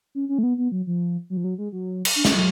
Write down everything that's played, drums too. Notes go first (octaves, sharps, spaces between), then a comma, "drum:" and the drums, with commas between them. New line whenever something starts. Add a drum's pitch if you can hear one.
C#4
C#4
A3
B3
B3
F#3
F3
F#3
F3
F#3
G#3
F#3
drum: cymbal
D4
C#4, drum: snare
F#3